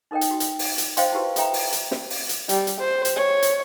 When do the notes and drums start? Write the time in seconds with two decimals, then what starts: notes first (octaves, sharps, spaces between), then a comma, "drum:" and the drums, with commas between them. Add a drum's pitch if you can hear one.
0.11 D#4 A4 A#4 D#5 G5
0.21 drum: hi-hat
0.31 F#4
0.40 drum: hi-hat
0.59 drum: open hi-hat
0.78 drum: hi-hat
0.97 C5 C#5 D#5 F5 G5 C6, drum: hi-hat
1.13 E4 F#4 G4 B4
1.36 F4 A4 E5 G5 A#5, drum: hi-hat
1.54 drum: open hi-hat
1.72 drum: hi-hat
1.91 drum: snare
2.10 drum: open hi-hat
2.29 drum: hi-hat
2.49 G3, drum: hi-hat
2.67 drum: hi-hat
2.81 C5
3.05 drum: hi-hat
3.16 C#5
3.42 drum: hi-hat